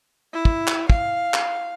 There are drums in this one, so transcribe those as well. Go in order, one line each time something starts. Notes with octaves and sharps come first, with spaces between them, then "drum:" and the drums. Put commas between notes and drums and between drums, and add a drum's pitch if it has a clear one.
E4
drum: kick
drum: clap
F5, drum: kick
drum: clap